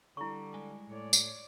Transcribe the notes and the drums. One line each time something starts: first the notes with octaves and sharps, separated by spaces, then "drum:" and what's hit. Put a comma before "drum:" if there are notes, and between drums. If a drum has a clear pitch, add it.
D3 G3 E4 C#6
G#3 G#5
A2 C#5 D5
drum: tambourine